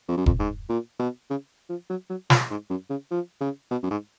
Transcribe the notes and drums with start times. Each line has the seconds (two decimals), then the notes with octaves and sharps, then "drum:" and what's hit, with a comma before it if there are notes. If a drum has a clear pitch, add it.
0.08 F2
0.17 F#2
0.26 F2, drum: kick E1
0.39 G#2
0.69 A#2
0.99 B2
1.30 C#3
1.69 F3
1.90 F#3
2.10 F#3
2.30 F3, drum: snare
2.51 G#2
2.70 F#2
2.90 C#3
3.11 F3
3.41 C#3
3.71 B2
3.83 F#2
3.91 G#2